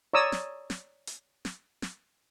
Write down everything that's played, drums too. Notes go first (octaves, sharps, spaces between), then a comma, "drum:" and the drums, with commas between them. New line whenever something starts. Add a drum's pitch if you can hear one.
C#5 D5 A#5 D#6 E6
drum: snare
drum: snare
drum: hi-hat
drum: snare
drum: snare